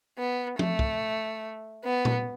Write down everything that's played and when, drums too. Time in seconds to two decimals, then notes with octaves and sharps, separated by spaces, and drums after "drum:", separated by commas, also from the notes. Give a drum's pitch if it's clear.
0.18 B3
0.59 A3, drum: tom F3
0.79 drum: kick
1.85 B3
2.05 drum: tom A#2